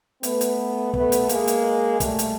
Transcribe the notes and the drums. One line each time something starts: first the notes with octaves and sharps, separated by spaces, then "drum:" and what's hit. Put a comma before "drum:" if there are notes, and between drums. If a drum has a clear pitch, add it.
A3 B3, drum: hi-hat
drum: hi-hat
A3 B3, drum: kick
drum: hi-hat
G#3 A#3, drum: hi-hat
drum: hi-hat
G3 A3, drum: kick, hi-hat
drum: hi-hat